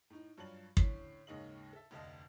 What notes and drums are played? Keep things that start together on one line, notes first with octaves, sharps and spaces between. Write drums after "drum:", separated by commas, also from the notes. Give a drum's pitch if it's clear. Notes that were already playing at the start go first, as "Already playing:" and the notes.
A2 D#4
G2 F#3 F4 A5 F#7
A2 D3 C#4 B6 C7, drum: kick
D#2 G#2 C#3 D#5 F5 F#7
A4 E5
F1 D2 D3 D#5 F5 A5